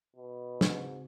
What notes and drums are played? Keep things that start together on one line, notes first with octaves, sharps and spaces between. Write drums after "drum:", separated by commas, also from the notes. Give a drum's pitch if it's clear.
B2
G#2 C#3 C4 F#4, drum: snare